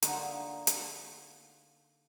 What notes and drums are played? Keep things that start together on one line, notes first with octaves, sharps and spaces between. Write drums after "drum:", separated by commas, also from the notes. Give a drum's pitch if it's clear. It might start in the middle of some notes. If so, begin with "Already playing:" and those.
D3 A#3 D#4 F4 F#4, drum: hi-hat
drum: hi-hat